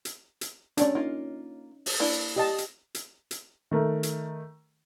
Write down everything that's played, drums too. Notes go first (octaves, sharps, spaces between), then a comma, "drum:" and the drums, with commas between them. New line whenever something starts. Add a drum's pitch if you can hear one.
drum: hi-hat
drum: hi-hat
A3 C#4 D4 G4 D5, drum: hi-hat
A#3 D#4 F4
drum: open hi-hat
A#3 D4 E4
G4 D#5 A5
drum: hi-hat
drum: hi-hat
drum: hi-hat
D#3 A3 A#4
drum: hi-hat